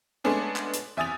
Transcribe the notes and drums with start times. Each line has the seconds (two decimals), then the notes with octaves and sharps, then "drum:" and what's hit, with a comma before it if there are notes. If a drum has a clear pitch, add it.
0.24 G#3 A3 B3 C#4 D4 G#4
0.56 drum: clap
0.74 drum: hi-hat
0.97 E2 E5 G#5 D#6 A6 F7